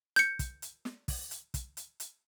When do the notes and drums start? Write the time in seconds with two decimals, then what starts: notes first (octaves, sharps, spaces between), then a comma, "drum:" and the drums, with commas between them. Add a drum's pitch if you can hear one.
0.16 G6 C#7, drum: hi-hat
0.39 drum: kick, hi-hat
0.62 drum: hi-hat
0.85 drum: snare
1.08 drum: kick, open hi-hat
1.31 drum: hi-hat
1.54 drum: kick, hi-hat
1.77 drum: hi-hat
2.00 drum: hi-hat